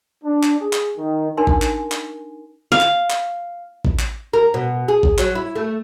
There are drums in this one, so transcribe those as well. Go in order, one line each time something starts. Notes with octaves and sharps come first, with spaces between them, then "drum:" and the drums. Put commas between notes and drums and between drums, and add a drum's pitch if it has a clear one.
D4
drum: clap
G#4
drum: clap
D#3
D4 D#4 A#4 G#5 C6
drum: kick G#1
drum: clap
drum: clap
F5
drum: clap
drum: clap
drum: kick G#1
drum: clap
A#4
B2
G#4
drum: kick G#1
F#3, drum: clap
E4
A3